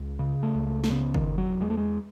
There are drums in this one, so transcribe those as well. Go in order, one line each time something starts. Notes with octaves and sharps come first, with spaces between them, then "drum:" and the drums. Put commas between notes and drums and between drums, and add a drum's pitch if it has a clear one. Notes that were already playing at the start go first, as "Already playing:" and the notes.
Already playing: C#2
C#3
A3
C#2
A3
A3, drum: snare
C#3 B3
D#3, drum: kick
E1
F#3
E2 G#3
A3
G#3